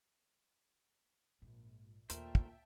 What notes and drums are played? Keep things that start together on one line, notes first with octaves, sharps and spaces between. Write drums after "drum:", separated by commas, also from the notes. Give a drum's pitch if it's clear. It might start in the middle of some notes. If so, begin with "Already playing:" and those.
A#1 G#2
D#2 A#2 A3 A#4 C5 E5 G5 A5, drum: hi-hat
drum: kick